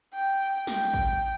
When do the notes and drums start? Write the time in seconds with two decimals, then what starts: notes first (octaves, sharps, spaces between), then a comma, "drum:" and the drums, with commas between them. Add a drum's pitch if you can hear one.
0.14 G5
0.67 G5, drum: snare
0.93 drum: kick A1